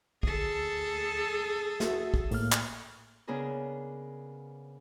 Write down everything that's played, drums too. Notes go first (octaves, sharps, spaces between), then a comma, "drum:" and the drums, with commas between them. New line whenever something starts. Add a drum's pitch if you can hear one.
D2 G#4 A4, drum: kick
F#4 E5, drum: snare
drum: kick
A2 A#3 F6, drum: open hi-hat
drum: clap
C#3 B3 D4 G#4 A#4